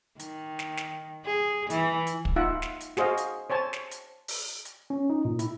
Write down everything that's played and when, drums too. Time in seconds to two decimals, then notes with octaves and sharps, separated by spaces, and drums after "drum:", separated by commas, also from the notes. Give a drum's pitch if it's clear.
0.19 D#3, drum: hi-hat
0.59 drum: snare
0.77 drum: snare
1.25 G#4
1.70 E3, drum: hi-hat
2.07 drum: hi-hat
2.25 drum: kick
2.36 D#4 F4 E5 F#5
2.62 drum: snare
2.80 drum: hi-hat
2.97 F#4 G#4 C5 D#5 F5, drum: snare
3.17 drum: hi-hat
3.50 C5 C#5 G#5 A5
3.73 drum: snare
3.91 drum: hi-hat
4.28 drum: open hi-hat
4.65 drum: hi-hat
4.90 C#4
5.10 D#4
5.25 A#2
5.39 E4, drum: hi-hat